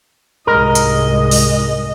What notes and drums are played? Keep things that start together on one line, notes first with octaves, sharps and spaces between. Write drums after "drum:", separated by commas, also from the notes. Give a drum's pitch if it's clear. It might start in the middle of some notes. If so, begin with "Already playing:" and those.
C2 G#2 G#3 A#4 D#5
drum: hi-hat
drum: open hi-hat